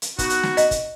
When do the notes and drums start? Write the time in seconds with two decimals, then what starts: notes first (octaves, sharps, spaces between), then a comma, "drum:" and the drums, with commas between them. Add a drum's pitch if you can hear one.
0.02 drum: hi-hat
0.19 B3 D#4 F#4, drum: kick, hi-hat
0.30 drum: hi-hat
0.43 drum: snare
0.57 D#5, drum: hi-hat
0.71 drum: kick, hi-hat